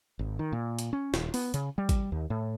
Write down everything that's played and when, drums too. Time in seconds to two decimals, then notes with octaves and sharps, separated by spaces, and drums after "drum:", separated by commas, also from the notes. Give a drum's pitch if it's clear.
0.19 G#1
0.39 D#3
0.52 A#2
0.79 drum: hi-hat
0.93 C#4
1.14 D#1, drum: snare
1.34 B3, drum: open hi-hat
1.54 C#3, drum: hi-hat
1.78 G3
1.89 drum: kick, hi-hat
2.12 D#2
2.30 A2